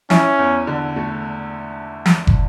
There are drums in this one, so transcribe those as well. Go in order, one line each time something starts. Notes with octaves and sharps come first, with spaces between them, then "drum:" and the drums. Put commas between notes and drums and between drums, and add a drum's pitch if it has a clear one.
C#4 E4, drum: snare
E2
D3
A3
drum: snare
drum: kick